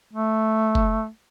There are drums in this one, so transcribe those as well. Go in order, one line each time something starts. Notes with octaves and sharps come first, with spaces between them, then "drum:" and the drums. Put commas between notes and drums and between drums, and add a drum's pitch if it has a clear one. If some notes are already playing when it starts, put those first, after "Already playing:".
A3
drum: kick